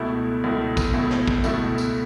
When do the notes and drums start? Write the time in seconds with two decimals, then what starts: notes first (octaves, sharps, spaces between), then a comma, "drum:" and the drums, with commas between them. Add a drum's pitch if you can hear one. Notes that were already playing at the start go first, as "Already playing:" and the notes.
Already playing: C#2 B2 A3 E4
0.44 C#2 B2 A3 E4
0.77 drum: kick, tambourine
0.94 C#2 B2 A3 E4
1.11 drum: snare
1.27 drum: kick
1.44 C#2 B2 A3 E4, drum: tambourine
1.78 drum: tambourine